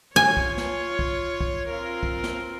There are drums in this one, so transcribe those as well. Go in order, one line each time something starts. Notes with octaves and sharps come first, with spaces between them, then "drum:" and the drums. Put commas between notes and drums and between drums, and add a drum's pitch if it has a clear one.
F4 C#5 G#5
drum: kick
drum: snare
drum: kick
drum: kick
C4 F4 A#4
drum: kick
drum: snare